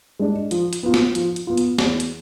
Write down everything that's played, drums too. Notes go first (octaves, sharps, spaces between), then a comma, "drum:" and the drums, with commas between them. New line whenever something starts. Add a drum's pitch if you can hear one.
G#3 D4
F3, drum: hi-hat
drum: hi-hat
B3 F4
drum: snare
F3, drum: hi-hat
drum: hi-hat
B3 F4
drum: hi-hat
E2, drum: snare
drum: hi-hat